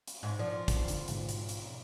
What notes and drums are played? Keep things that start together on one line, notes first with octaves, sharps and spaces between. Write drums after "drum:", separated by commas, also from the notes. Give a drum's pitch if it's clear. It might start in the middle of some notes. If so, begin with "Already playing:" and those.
drum: hi-hat
G#2
F3 D5
drum: kick, hi-hat
D3, drum: hi-hat
G#2 B2, drum: hi-hat
drum: hi-hat
drum: hi-hat